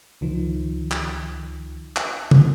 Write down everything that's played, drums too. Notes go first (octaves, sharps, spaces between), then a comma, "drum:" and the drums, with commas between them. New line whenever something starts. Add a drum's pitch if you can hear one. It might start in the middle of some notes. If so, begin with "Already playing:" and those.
C#2 D#3 F3
drum: clap
drum: clap
drum: tom